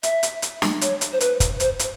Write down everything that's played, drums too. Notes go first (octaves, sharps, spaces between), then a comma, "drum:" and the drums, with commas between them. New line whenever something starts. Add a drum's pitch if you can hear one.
E5, drum: hi-hat
drum: hi-hat
drum: hi-hat
drum: snare
C#5, drum: hi-hat
drum: hi-hat
C5
B4, drum: hi-hat
drum: kick, hi-hat
C5, drum: hi-hat
drum: hi-hat